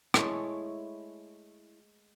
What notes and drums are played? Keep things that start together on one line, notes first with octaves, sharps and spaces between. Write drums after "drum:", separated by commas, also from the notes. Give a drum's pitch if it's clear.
G#3 A3 E4 A4 C#5, drum: rim click